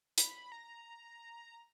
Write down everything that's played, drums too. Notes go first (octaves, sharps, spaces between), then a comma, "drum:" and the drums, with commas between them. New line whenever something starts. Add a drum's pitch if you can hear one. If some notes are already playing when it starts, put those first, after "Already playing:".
B5, drum: hi-hat
A#5